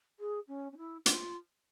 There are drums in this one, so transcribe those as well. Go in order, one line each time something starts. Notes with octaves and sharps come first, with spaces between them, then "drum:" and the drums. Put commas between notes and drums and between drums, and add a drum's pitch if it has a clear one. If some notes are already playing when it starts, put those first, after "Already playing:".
G#4
C#4
C#4
E4
F4, drum: hi-hat